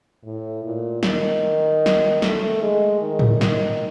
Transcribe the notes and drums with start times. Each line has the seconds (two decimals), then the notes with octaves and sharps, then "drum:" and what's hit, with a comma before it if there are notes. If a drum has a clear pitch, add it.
0.24 A2
0.64 A#2
1.03 D#3, drum: snare
1.86 drum: snare
2.22 A3, drum: snare
2.62 G#3
3.01 D#3
3.19 drum: tom G#2
3.41 D#3, drum: snare